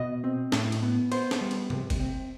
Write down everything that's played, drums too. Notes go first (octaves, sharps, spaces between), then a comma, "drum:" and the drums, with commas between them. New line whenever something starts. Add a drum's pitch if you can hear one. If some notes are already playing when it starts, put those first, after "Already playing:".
Already playing: B2 D#5
C4
A2, drum: snare
drum: cymbal
B3
B3 C5, drum: cymbal
drum: snare
G3
drum: cymbal
C3, drum: tom G#2
drum: kick, cymbal
C4